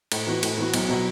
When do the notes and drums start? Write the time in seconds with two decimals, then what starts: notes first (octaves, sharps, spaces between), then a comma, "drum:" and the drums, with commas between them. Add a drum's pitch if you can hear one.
0.12 A2, drum: cymbal
0.27 E3 B3 F#4
0.43 A2, drum: cymbal
0.58 E3 B3 F#4
0.74 B1, drum: cymbal
0.89 B2 F#3